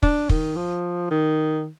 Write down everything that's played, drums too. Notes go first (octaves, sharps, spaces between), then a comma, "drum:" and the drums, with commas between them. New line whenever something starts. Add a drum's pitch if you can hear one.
D4, drum: kick
D#3, drum: kick
F3
D#3